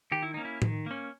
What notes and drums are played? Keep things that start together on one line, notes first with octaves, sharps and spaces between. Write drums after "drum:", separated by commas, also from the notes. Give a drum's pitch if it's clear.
D#3 G4
E4
A#3 C#4 D#4
E4
D#3, drum: tom A2
A#3 C#4